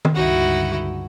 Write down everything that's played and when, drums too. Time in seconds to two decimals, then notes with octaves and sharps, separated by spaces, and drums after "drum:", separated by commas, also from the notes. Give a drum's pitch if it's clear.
0.05 drum: tom D#3
0.15 C#2 G2 D3 D#4 E4 F#4